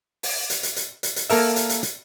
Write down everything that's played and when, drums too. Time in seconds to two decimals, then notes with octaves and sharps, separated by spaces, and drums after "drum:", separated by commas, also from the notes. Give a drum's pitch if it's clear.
0.23 drum: open hi-hat
0.50 drum: hi-hat
0.63 drum: hi-hat
0.76 drum: hi-hat
1.03 drum: hi-hat
1.16 drum: hi-hat
1.30 A#3 A4 A#4 E5, drum: open hi-hat
1.56 drum: hi-hat
1.69 drum: hi-hat
1.83 drum: hi-hat